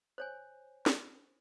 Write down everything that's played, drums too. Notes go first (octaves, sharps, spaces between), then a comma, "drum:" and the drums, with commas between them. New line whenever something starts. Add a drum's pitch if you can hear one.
C5 C#5 G#5
drum: snare